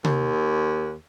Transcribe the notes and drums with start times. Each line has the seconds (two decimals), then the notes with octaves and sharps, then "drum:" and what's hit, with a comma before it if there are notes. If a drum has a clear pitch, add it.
0.04 D#2, drum: tom C3